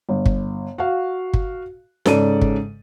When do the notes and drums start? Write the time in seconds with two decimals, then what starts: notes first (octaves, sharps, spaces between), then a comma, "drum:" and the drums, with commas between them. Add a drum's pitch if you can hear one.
0.09 G1
0.26 drum: kick
0.78 F#4 F5
1.34 drum: kick
2.06 G#2 C#3 A4 D5 D#7, drum: snare
2.41 drum: kick